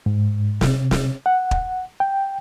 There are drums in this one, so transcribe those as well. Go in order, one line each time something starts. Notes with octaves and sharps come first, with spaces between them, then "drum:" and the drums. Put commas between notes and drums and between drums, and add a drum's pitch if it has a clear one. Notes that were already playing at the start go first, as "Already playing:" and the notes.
G#2
C3, drum: snare
drum: snare
F#5
drum: kick
G5